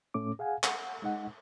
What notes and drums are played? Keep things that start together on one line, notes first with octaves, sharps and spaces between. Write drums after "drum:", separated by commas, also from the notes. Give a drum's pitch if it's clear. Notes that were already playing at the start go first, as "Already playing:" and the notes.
A2 A3 C#4 D6
G#4 F5 F#5 G#5
F#5, drum: clap
G#3 D#4 F#5